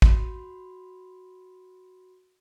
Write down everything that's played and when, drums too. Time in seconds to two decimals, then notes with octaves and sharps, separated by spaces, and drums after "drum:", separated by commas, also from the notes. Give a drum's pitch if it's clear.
0.02 F#4 B5 C6, drum: kick